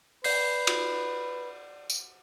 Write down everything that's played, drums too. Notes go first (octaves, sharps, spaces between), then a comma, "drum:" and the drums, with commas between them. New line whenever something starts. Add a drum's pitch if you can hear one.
B4 D5 G6 C7, drum: open hi-hat
drum: cymbal
drum: tambourine